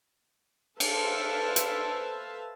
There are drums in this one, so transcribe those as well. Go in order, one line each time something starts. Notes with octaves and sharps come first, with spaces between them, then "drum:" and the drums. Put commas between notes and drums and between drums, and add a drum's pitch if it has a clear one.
A4 B4 C5 E5 F5 A5, drum: cymbal
drum: hi-hat